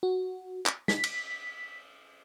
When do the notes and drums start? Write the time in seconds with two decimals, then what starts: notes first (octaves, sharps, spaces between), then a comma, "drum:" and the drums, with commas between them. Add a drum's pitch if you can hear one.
0.03 F#4
0.66 drum: clap
0.88 B6, drum: snare
1.04 drum: cymbal